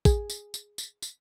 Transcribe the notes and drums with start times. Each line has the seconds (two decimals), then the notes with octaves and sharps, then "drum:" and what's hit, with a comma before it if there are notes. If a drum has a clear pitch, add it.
0.05 G#4, drum: kick, tambourine
0.30 drum: tambourine
0.54 drum: tambourine
0.78 drum: tambourine
1.02 drum: tambourine